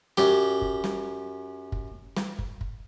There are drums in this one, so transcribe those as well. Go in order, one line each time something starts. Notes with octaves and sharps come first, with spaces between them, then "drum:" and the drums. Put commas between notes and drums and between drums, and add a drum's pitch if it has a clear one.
F#2 G4, drum: snare
drum: kick
drum: snare
drum: kick
drum: snare
drum: kick
drum: kick